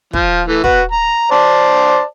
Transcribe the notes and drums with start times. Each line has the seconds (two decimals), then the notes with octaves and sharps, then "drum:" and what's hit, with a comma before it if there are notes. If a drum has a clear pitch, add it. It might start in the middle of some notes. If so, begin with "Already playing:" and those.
0.13 F3, drum: kick
0.48 E3 A3
0.64 F#4 B4, drum: kick
0.91 A#5
1.31 C5 D5 A5